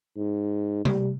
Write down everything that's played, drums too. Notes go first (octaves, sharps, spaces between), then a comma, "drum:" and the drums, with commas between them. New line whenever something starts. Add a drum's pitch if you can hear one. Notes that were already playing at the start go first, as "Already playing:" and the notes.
G#2
G3, drum: tom C3